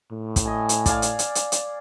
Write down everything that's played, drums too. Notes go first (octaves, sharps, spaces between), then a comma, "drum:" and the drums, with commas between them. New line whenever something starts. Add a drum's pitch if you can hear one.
A2
drum: kick, hi-hat
D#5 G#5
drum: hi-hat
D5 F5 G#5, drum: kick, hi-hat
drum: hi-hat
drum: hi-hat
drum: hi-hat
drum: hi-hat